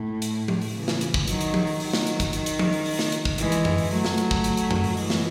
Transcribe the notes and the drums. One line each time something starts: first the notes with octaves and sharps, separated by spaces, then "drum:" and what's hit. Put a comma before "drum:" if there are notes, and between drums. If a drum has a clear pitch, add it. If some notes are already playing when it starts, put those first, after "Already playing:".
Already playing: A2
drum: hi-hat
drum: tom
drum: open hi-hat
C#3 E3
drum: snare
drum: hi-hat
drum: kick
D#3 F#3, drum: hi-hat
drum: hi-hat
drum: tom
drum: open hi-hat
D#3 F#3, drum: open hi-hat
drum: snare
drum: hi-hat
drum: kick, hi-hat
D#3, drum: hi-hat
drum: hi-hat
drum: tom
drum: open hi-hat
drum: open hi-hat
drum: snare
drum: hi-hat
drum: kick
E3 G#3, drum: hi-hat
drum: hi-hat
drum: tom F#2
drum: open hi-hat
F#3 A3, drum: open hi-hat
drum: snare
drum: hi-hat
drum: kick
drum: hi-hat
drum: hi-hat
drum: tom F#2
drum: open hi-hat
E3 G#3, drum: open hi-hat
drum: snare